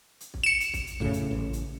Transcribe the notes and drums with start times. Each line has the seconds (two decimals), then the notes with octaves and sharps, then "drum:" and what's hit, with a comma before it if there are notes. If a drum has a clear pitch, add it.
0.20 drum: hi-hat
0.34 drum: kick
0.43 C#7 E7
0.60 drum: hi-hat
0.74 drum: kick, hi-hat
0.87 drum: hi-hat
1.00 F#2 A2 C#3, drum: kick
1.13 drum: hi-hat
1.31 A1
1.53 drum: hi-hat